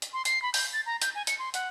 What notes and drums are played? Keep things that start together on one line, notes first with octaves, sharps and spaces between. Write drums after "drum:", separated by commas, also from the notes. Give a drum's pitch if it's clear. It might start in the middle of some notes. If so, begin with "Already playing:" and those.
drum: hi-hat
C6
C7, drum: hi-hat
B5
G6, drum: open hi-hat
A6
A#5
G6, drum: hi-hat
G#5
C#7, drum: hi-hat
C6
F#5, drum: hi-hat